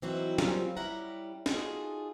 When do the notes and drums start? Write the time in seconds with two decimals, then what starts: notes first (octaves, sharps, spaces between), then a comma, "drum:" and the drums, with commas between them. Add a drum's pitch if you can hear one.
0.02 E3 F#3 C4 D#4 E4 F#4
0.38 F#3 G3 A#3 C4 C#4 F4, drum: snare
0.77 G3 C#4 E4 F#5 A#5
1.46 D#4 F4 F#4 G#4 A4, drum: snare